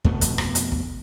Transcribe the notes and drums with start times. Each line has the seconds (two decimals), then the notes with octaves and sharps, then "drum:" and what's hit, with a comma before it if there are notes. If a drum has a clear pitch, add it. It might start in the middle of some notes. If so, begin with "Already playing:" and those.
0.05 F2 B2 A3 B3, drum: kick
0.21 drum: kick, hi-hat
0.38 drum: rim click
0.55 drum: hi-hat
0.72 drum: kick